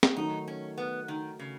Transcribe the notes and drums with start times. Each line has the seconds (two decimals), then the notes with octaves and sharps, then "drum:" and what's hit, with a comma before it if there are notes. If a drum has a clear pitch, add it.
0.03 drum: snare
0.16 D#3 F#3 A3 D#4
0.48 C#4
0.78 B3
1.08 D#3
1.39 C#3